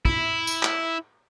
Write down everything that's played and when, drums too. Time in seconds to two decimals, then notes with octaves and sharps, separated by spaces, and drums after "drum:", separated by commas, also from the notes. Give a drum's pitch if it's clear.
0.05 E4, drum: kick
0.47 drum: tambourine
0.63 drum: clap